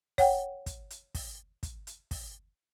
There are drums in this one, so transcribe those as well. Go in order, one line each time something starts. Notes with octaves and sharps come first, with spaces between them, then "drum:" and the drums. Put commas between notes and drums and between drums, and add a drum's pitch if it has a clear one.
C#5 F#5 G5, drum: kick, open hi-hat
drum: kick, hi-hat
drum: hi-hat
drum: kick, open hi-hat
drum: kick, hi-hat
drum: hi-hat
drum: kick, open hi-hat